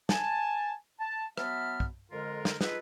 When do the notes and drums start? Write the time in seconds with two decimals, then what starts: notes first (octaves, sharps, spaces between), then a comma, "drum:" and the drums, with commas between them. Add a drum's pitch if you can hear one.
0.09 G#5 A5, drum: snare
0.99 A5
1.38 F#3 B3 E5 A5 B5 F6, drum: rim click
1.80 drum: kick
2.11 F2 D3 G#3 F4 A#4
2.45 drum: snare
2.61 D#4 F4 G#4 A4 B4, drum: snare